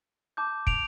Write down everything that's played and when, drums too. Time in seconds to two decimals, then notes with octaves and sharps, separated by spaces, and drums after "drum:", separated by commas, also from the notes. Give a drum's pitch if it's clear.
0.37 A5 D6 G6
0.67 D7 F7, drum: kick